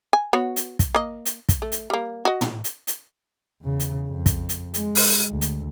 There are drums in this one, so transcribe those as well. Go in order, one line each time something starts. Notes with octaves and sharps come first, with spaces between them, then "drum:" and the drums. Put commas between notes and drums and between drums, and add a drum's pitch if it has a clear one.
G#5
B3 F#4 C#5
drum: hi-hat
drum: kick, hi-hat
A#3 D#5
drum: hi-hat
drum: kick, hi-hat
A3
drum: hi-hat
G3 A#3
F#4 D#5
drum: tom
drum: hi-hat
drum: hi-hat
E2 C#3
drum: hi-hat
F2
drum: kick, hi-hat
drum: hi-hat
G#3, drum: hi-hat
drum: open hi-hat
D2
drum: hi-hat